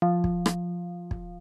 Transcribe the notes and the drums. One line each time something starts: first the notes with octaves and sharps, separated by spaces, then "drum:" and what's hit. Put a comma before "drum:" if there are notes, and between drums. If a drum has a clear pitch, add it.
F3
drum: kick
drum: rim click
drum: kick